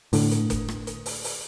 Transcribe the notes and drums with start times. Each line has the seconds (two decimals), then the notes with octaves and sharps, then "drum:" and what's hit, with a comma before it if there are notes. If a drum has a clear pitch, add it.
0.13 A2 D3, drum: open hi-hat
0.31 drum: hi-hat
0.50 drum: kick F#1, hi-hat
0.68 drum: rim click
0.87 drum: hi-hat
1.06 drum: open hi-hat
1.24 drum: open hi-hat